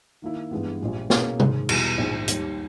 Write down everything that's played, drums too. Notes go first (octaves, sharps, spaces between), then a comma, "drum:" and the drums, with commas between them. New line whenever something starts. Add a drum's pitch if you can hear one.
D#3 A#3 E4
G2 E3 G#3 B3
A#1 A#2 G3
B2 A#3 C#4 E4 G#4, drum: snare
G#2 D#3 G#3, drum: tom C3
E2 B2 G3, drum: cymbal
A#1 G#2 D#3
D#2 D#3 G3, drum: hi-hat